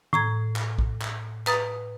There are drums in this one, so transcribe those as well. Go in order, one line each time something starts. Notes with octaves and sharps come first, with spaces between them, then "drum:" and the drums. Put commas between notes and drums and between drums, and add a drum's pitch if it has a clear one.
A2 A#5 G#6, drum: tom D#3
drum: clap
drum: kick A#1
drum: clap
B4 A#5 D#6 A6, drum: clap